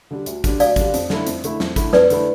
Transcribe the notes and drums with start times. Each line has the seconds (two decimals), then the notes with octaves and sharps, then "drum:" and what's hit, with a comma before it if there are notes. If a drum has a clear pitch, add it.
0.11 D3 G3 D4
0.26 D2, drum: hi-hat
0.44 D3 G3 D4, drum: kick A1, hi-hat
0.60 D2 D5 F5, drum: hi-hat
0.76 D3 G3 D4, drum: kick A1, hi-hat
0.94 F2, drum: hi-hat
1.10 D3 A3 E4, drum: snare
1.27 F2, drum: hi-hat
1.44 D3 A3 E4, drum: hi-hat
1.60 F2, drum: snare
1.76 D3 A3 E4, drum: kick A1, hi-hat
1.93 F2 B4 D5, drum: snare
2.10 D3 A3 E4, drum: hi-hat